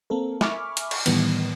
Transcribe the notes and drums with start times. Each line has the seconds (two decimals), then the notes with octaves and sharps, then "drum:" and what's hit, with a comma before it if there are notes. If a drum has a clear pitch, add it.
0.10 A#3 C4 A4 A#4
0.41 E5 G#5 B5 C#6 D6 F6, drum: snare
0.77 drum: hi-hat
0.91 drum: cymbal
1.06 A2 D#3 E3 G3 B3, drum: cymbal